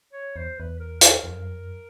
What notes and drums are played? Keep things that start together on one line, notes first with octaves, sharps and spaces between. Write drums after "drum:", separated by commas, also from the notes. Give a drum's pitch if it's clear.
C#5
E2 C5
E2 B4
A#4
A#4, drum: hi-hat
F2
F#2
F2
F#2